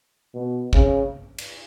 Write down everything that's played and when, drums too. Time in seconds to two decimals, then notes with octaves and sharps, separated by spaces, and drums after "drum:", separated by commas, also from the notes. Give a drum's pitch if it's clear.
0.34 B2
0.73 C#3, drum: kick
1.38 drum: cymbal